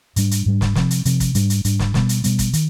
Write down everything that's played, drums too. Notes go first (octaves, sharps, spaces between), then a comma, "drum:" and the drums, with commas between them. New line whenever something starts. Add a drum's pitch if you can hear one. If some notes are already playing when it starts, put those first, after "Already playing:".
G#2 G3 D4, drum: hi-hat
drum: hi-hat
G#2 G3 D4
drum: snare
C3 F3 C4, drum: snare
drum: hi-hat
C3 F3 C4, drum: hi-hat
drum: kick, hi-hat
G#2 G3 D4, drum: hi-hat
drum: hi-hat
G#2 G3 D4, drum: hi-hat
drum: snare
B2 G3 B3, drum: snare
drum: hi-hat
B2 G3 B3, drum: hi-hat
drum: kick, hi-hat
D#3, drum: hi-hat